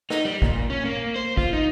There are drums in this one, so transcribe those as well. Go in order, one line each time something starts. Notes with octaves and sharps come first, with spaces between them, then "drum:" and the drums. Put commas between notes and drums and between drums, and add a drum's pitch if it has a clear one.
D#4, drum: rim click
G3
A#2, drum: kick
C#4
A#3
C5
F4, drum: kick
D#4